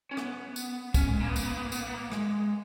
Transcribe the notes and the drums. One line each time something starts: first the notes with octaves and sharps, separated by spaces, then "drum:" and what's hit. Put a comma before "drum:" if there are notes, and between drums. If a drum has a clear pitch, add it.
C#4
B3, drum: rim click
drum: tambourine
C#4, drum: kick, tambourine
G#3
A#3
B3
A#3, drum: tambourine
B3
A#3
B3
A#3
B3, drum: tambourine
A#3
B3
A#3
G#3, drum: rim click